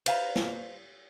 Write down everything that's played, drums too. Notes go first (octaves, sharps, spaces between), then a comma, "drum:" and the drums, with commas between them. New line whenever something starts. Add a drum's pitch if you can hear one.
B4 C5 F5 G5 A#5, drum: cymbal
drum: snare